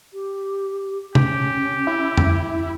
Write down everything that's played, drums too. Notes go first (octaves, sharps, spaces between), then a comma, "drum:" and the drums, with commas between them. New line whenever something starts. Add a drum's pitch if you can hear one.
G4
C#4 G4, drum: tom
E4
drum: tom F2